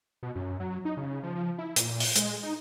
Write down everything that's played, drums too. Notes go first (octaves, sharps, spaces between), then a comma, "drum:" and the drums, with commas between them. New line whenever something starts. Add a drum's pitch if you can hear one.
B2
F#2
F#3
D#4
C#3
F3
F3
E4
A#2, drum: hi-hat
drum: open hi-hat
G#3, drum: hi-hat
D#4